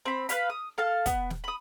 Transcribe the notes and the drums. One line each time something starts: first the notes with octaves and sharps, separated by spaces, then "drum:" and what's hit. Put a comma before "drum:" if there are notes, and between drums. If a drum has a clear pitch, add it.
C4 B5
B4 C5 F5 B5, drum: hi-hat
D#6
A4 F5 A5
B3, drum: kick, hi-hat
drum: snare
B5 D#6